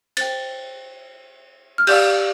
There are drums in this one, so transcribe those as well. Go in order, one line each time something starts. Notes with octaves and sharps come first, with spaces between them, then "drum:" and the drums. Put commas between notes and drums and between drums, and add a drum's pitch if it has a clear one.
C5 G5 A6, drum: cymbal
F6
G4 D5 F5 G6, drum: cymbal